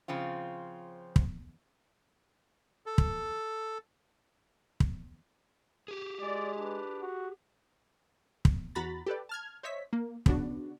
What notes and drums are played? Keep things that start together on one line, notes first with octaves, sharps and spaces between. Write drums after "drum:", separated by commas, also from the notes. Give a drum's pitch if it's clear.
C#3 F3 C4 F4
drum: kick
A4
drum: kick
drum: kick
G4 G#4
G#3 D5
D4 B4
F#4
drum: kick
E2 F#4 A#5 B5 A6
G4 A4 B4 D5
A5 F6 G#6
C5 C#5 D#5 E5 B6
A#3
C#3 B3 D4 F#4, drum: kick